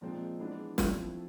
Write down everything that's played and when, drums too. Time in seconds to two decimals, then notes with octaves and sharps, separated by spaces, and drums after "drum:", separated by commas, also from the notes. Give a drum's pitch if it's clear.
0.01 A#2 F3 G#3 C4 D#4
0.39 E3 G#3 B3 D4
0.78 F3 A3 C4 E4, drum: snare